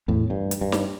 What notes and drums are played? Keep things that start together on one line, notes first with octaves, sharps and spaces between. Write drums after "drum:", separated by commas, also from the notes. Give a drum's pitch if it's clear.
E2 A2
G2
drum: hi-hat
G2
drum: snare